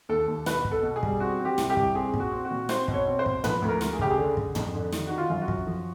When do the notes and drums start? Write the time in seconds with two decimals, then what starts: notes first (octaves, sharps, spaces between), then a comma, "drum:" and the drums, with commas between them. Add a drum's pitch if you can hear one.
0.09 D#2 A4
0.28 D#2
0.46 B2 B4, drum: snare
0.65 B2, drum: kick
0.71 A4
0.83 B2
0.96 G#4
1.03 G3, drum: kick
1.20 C4 F#4
1.40 C4
1.45 G4
1.58 C2, drum: snare
1.70 G4
1.77 C2, drum: kick
1.95 C4 G#4
2.14 A#2, drum: kick
2.20 F#4
2.32 C4
2.45 F#4
2.51 A#2
2.69 C4 C5, drum: snare
2.88 B2, drum: kick
2.94 C#5
3.07 C4
3.19 C5
3.26 B2, drum: kick
3.44 F3 B4, drum: tom
3.62 D2
3.69 A#4
3.81 D2, drum: snare
3.93 G#4
3.99 C#3 G4, drum: kick
4.10 G#4
4.19 D3
4.37 D3, drum: kick
4.55 F2, drum: tom
4.75 D3
4.93 D#3, drum: snare
5.07 D#3 F#4
5.18 F4
5.30 F#2
5.42 F#4
5.48 F#2, drum: kick
5.67 F3